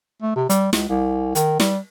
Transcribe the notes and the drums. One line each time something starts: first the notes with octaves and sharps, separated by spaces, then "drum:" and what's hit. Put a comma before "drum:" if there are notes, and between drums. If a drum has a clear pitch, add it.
A3
C3
G3, drum: hi-hat
C#2, drum: snare
C2
D#3, drum: hi-hat
G3, drum: snare